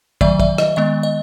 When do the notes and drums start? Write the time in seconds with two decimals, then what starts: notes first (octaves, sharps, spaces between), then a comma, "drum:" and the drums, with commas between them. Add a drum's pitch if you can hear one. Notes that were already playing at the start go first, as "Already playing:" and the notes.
0.21 D#3 F#3 A3 D5 E5, drum: kick
0.40 D5 E5, drum: kick
0.58 D#5, drum: rim click
0.76 D#3 G#3 B3 D#5
1.03 D#5